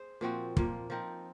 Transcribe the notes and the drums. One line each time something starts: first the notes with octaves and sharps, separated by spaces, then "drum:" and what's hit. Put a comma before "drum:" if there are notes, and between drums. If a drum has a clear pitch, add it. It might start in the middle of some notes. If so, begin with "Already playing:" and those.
Already playing: G#4 C5
A#2 F3 C4 F#4
A#2 F3 A#3, drum: kick
F3 C4 D#4 A#4